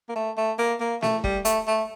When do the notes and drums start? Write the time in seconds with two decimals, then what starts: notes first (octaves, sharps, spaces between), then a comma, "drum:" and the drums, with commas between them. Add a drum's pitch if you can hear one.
0.09 A#3
0.16 A3
0.38 A3
0.59 A#3
0.80 A#3
1.02 A3, drum: snare
1.24 G3, drum: kick
1.45 A3, drum: hi-hat
1.67 A3